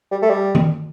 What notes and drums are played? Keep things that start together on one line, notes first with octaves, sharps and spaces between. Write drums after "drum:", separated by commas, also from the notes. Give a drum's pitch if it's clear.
G3
A3
G3
drum: tom D#3